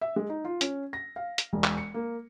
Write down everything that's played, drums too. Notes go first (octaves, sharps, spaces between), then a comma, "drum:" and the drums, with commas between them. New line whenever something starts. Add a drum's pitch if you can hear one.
E5
G#3
D#4
F4
C#4, drum: hi-hat
A#6
F5
drum: hi-hat
E1
drum: clap
C#7
A#3